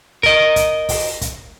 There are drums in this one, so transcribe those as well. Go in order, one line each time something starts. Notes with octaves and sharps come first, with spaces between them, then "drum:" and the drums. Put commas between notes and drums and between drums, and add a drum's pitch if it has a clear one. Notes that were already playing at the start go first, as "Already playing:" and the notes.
A#4 D#5, drum: kick
drum: kick, hi-hat
drum: kick, open hi-hat
drum: kick, hi-hat